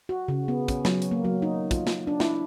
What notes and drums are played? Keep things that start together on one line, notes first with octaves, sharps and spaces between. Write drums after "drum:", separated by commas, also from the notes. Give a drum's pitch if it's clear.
F#4
C#3
B3
C#4, drum: kick, hi-hat
F#3, drum: snare
drum: hi-hat
A#3
F#3
D#4
F4, drum: kick, hi-hat
drum: snare
D4
E4, drum: snare